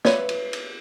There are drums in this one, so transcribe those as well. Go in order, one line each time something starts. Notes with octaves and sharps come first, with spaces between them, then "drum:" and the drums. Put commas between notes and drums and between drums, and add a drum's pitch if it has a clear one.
B4 C#5 D5 E5, drum: snare
drum: cymbal
drum: cymbal